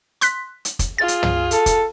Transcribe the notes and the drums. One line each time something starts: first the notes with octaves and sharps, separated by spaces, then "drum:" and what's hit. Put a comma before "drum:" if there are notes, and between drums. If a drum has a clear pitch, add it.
C6 F#6 B6, drum: hi-hat
drum: hi-hat
drum: kick, hi-hat
F4 G#4 A6
drum: hi-hat
drum: tom
A4, drum: hi-hat
drum: kick, hi-hat